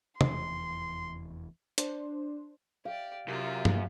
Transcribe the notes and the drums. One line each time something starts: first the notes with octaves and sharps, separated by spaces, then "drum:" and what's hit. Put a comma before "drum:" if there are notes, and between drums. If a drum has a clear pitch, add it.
F1 E2 E3 C6, drum: tom
D4 C5, drum: hi-hat
G4 D5 F5
F#2 C3 F4
drum: tom G2